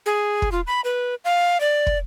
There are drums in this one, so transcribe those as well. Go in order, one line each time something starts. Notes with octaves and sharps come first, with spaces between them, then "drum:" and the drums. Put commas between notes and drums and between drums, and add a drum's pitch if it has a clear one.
G#4
drum: kick
F4
B5
B4
F5
D5
drum: kick